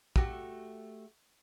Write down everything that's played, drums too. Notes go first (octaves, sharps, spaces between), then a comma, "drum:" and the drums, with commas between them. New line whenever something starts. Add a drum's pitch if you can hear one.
A3 F#4 G4, drum: kick